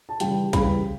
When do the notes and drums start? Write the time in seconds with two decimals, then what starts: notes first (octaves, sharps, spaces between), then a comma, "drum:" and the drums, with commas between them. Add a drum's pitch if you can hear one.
0.09 A5
0.20 C#3 E3 G3 G5, drum: hi-hat
0.53 C#3 E3 G3 B5, drum: kick, hi-hat